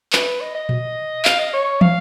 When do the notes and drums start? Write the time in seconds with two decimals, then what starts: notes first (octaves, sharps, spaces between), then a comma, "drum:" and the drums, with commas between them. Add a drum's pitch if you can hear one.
0.13 B4, drum: clap
0.41 D#5
0.55 D#5
0.69 drum: tom A#2
1.25 F5, drum: clap
1.39 D#5
1.53 C#5
1.81 F5, drum: tom